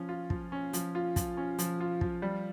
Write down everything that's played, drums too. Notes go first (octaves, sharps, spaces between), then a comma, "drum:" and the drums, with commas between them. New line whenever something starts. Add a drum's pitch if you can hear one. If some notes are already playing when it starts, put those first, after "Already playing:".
Already playing: F3 C#4
F4
F3, drum: kick
C#4
F3, drum: hi-hat
F4
F3, drum: kick, hi-hat
C#4
F3, drum: hi-hat
F4
F3, drum: kick
G3